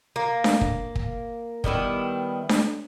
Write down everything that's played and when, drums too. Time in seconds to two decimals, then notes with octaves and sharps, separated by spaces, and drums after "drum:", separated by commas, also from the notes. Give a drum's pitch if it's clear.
0.16 A#3
0.44 drum: snare D4
0.61 drum: kick
0.95 drum: kick
1.64 D#3 G3 B3 E4, drum: kick
2.49 drum: snare D4